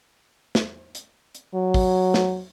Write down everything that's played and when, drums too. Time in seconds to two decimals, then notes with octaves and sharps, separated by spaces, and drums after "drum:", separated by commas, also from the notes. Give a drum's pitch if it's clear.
0.55 drum: snare
0.95 drum: hi-hat
1.35 drum: hi-hat
1.54 F#3
1.74 drum: kick, open hi-hat
2.14 drum: snare